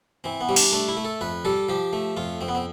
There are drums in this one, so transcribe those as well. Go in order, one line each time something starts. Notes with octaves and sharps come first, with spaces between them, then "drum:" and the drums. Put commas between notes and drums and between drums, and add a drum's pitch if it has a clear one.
E3 C4
B3
G3 C4
D4, drum: open hi-hat
A3 D4
E4
A3
A4
F2 B4
G3 A4
F3 G4
A3
F2 F4
F2 C4
B3
C4